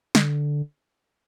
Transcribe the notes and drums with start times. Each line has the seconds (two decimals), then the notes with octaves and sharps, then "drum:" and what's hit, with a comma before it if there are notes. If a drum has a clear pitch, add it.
0.15 D3, drum: snare